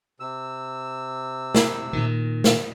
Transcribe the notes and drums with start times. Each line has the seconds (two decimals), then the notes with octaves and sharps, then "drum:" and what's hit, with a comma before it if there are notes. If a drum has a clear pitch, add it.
0.20 C3 E6
1.55 drum: snare
1.93 A#2 D#3
2.44 drum: snare